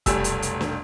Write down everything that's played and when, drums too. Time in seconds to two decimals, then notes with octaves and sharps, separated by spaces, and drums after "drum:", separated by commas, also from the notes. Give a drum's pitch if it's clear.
0.06 F1 B1 G3 A3 G#5 E6, drum: kick E1, hi-hat
0.24 drum: hi-hat
0.42 drum: hi-hat
0.61 drum: snare